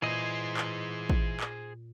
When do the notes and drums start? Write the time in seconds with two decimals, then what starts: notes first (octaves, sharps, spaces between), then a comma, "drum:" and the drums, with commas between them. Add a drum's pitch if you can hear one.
0.02 A#2 E3 G#4 C5 D#5 G#6
0.57 drum: clap
1.10 drum: kick
1.40 drum: clap